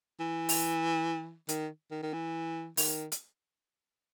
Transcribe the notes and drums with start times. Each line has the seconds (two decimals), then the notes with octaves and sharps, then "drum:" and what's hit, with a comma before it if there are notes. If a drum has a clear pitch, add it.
0.20 E3
0.49 drum: open hi-hat
1.49 D#3, drum: hi-hat
1.91 D#3
2.03 D#3
2.13 E3
2.77 D#3, drum: open hi-hat
3.12 drum: hi-hat